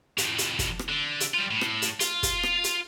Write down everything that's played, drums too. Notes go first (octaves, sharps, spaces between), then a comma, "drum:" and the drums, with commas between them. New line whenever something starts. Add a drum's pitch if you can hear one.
F2 A2, drum: hi-hat
drum: hi-hat
drum: kick, hi-hat
drum: rim click
D3
drum: hi-hat
G3 F4
A2
drum: rim click
drum: hi-hat
F4, drum: hi-hat
drum: kick, hi-hat
drum: rim click
drum: hi-hat